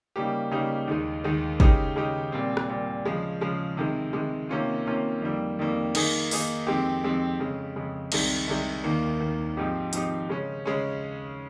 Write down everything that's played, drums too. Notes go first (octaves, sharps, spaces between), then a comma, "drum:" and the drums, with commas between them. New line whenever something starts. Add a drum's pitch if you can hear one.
C#3 G3 A#3 D#4 G4
C#3 G3 A#3 D#4 G4
D#2 D#3 G#3 D#4
D#2 D#3 G#3 D#4
C#3 G#3 D#4 G4, drum: kick
C#3 G#3 D#4 G4
A#2 G3 C4
drum: rim click
A#2 G3 C4
C#3 F3 G#3
C#3 F3 G#3
C3 D#3 G#3
C3 D#3 G#3
C3 D#3 A#3 C#4 F4
C3 D#3 A#3 C#4 F4
F2 D#3 G3 A#3
F2 D#3 G3 A#3
D#3 A#3 D#4 G#4, drum: cymbal
D#3 A#3 D#4 G#4, drum: open hi-hat
F2 D#3 G#3 C4 G4
F2 D#3 G#3 C4 G4
F2 C#3 G#3
F2 C#3 G#3
C2 C3 D#3 G#3, drum: cymbal
C2 C3 D#3 G#3
D#2 D#3 A#3
D#2 D#3 A#3
G#2 F3 C4 D#4 G4
G#2 F3 C4 D#4 G4, drum: hi-hat
C#3 G#3 C#4
C#3 G#3 C#4